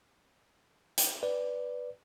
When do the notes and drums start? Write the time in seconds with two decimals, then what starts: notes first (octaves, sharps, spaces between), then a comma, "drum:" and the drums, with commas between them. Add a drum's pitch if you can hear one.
0.98 drum: hi-hat
1.23 B4 D5